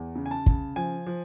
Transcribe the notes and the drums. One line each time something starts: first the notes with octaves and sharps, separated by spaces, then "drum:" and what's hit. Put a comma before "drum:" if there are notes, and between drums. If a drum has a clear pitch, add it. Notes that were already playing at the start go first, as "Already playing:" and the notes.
Already playing: E2
C#3
G#5
A5
C#3, drum: kick
F3 G#5
F3